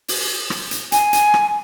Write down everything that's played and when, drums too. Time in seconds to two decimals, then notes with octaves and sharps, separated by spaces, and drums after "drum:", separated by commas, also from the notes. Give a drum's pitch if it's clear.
0.08 drum: open hi-hat
0.50 drum: rim click
0.71 drum: hi-hat
0.92 G#5, drum: hi-hat
1.13 drum: hi-hat
1.34 drum: rim click